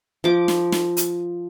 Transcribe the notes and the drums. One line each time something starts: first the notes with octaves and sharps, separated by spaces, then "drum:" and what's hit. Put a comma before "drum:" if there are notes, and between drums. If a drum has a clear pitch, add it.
F3 D6
drum: snare
drum: snare
drum: hi-hat